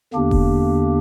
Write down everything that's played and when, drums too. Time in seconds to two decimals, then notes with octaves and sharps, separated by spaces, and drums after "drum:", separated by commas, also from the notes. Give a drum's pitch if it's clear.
0.13 E2 D3 A#3 D4 G4
0.31 drum: kick E1